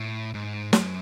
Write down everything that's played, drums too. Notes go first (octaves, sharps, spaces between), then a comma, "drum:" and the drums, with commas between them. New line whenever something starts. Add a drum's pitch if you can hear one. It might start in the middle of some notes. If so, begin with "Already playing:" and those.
Already playing: A2
G#2
F#2, drum: snare